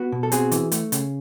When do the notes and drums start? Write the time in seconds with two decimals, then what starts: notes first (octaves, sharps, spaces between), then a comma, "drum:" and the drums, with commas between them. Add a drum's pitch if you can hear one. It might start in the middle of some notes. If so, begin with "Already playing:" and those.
Already playing: B3 F#4
0.12 B2
0.23 A4
0.32 C4 F#4 G#4, drum: hi-hat
0.52 E3, drum: hi-hat
0.72 A3, drum: hi-hat
0.92 C#3, drum: hi-hat